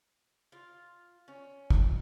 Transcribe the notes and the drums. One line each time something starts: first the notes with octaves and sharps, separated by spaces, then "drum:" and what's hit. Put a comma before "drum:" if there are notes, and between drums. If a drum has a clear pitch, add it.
F4
C#4
drum: kick